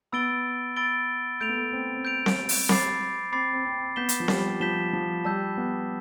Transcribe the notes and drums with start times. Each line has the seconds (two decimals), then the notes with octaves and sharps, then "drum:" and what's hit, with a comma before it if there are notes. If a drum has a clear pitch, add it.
0.12 B3 B5 E6 A6 D7 G7
0.76 B5 E6 A6 D7 G7
1.41 A3 G6 D7 F7
1.49 B3
1.57 A3
1.73 C4
1.95 C4
2.05 G6 D7 F7
2.26 drum: snare C4
2.49 drum: open hi-hat
2.69 B5 D6 A6 C7, drum: snare C4
3.32 C4 B5 D6 A6 C7
3.53 C4
3.65 C4
3.96 B3 G6 B6 E7 G7
4.09 drum: hi-hat
4.20 F3
4.28 G3, drum: snare C4
4.60 F3 G6 B6 E7 G7
4.93 F3
5.24 G3 A5 E6 G6
5.57 B3